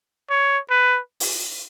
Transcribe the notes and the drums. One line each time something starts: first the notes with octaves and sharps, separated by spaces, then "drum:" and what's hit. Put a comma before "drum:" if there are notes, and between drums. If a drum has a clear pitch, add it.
C#5
B4
drum: open hi-hat